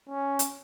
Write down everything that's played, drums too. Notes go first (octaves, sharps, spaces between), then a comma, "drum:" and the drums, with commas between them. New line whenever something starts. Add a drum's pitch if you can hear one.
C#4
drum: hi-hat